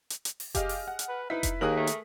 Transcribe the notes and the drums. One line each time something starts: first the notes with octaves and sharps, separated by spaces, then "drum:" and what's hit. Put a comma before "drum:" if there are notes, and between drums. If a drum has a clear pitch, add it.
drum: hi-hat
drum: hi-hat
drum: open hi-hat
G4 G#4 D#5 F5 F6, drum: kick F1, hi-hat
drum: open hi-hat
F#5
drum: hi-hat
B4
D#4 E4 B4 B6
drum: kick F1, hi-hat
D#2 A#3 G#4 A#4 D#6 F#6 F#7
A3
drum: hi-hat